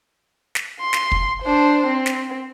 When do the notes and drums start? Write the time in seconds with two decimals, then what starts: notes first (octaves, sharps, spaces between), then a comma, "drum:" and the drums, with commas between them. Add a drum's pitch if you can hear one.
0.55 drum: snare
0.81 C6
0.93 drum: snare
1.12 drum: kick
1.43 D4 C5
1.87 C4
2.06 drum: snare